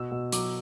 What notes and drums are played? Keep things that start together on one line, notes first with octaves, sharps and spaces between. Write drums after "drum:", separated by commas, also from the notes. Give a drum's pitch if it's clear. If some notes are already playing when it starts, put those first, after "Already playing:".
Already playing: B2 E6
B2
F#3 D6, drum: hi-hat